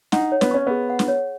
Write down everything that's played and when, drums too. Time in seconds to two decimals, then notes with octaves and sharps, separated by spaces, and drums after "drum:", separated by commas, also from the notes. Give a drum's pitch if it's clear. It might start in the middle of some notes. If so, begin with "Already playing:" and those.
0.12 D#4 F#5, drum: snare
0.32 C#5
0.41 B3, drum: snare
0.51 C#4 C#6
0.67 B3 G#4
0.90 F#5
0.99 drum: snare
1.08 C#5